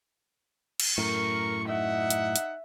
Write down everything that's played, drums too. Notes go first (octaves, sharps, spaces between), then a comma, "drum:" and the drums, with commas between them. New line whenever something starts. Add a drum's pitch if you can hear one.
drum: cymbal
F#2 A2 A#4 C#6
D#4 E5 F#5
drum: hi-hat
drum: hi-hat